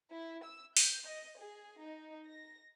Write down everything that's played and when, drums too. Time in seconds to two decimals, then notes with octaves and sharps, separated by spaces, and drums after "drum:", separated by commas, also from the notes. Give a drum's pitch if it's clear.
0.11 E4
0.44 E6
0.77 G6, drum: open hi-hat
1.07 D#5
1.37 G#4
1.81 D#4
2.26 A#6